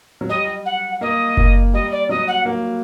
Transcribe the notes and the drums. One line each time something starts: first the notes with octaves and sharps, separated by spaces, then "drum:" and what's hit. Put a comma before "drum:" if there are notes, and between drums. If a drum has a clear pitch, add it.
F#3
G3 D#5
F#5
A#3 D#5
A#3, drum: kick F#1
G3 D#5
D5
F#3 D#5
F#5
A#3